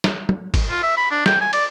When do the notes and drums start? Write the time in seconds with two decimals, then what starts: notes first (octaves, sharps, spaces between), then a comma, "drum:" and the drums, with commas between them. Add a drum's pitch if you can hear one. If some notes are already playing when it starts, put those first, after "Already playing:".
0.04 drum: snare
0.29 drum: tom F#3
0.54 drum: kick, cymbal
0.69 F4
0.83 E5
0.97 B5
1.11 D4
1.26 G5, drum: snare
1.41 G#5
1.53 D5, drum: cymbal